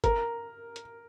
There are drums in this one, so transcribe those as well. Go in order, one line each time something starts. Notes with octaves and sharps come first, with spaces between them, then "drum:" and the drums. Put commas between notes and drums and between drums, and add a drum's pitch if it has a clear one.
A#4, drum: kick, hi-hat
drum: hi-hat